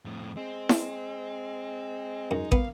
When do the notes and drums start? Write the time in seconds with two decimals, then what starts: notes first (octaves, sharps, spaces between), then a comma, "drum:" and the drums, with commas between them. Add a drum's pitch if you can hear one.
0.05 F2 A2
0.37 G#3 C4
0.69 drum: snare E4
2.31 F#2 D#4
2.52 A#3 B3 F5, drum: kick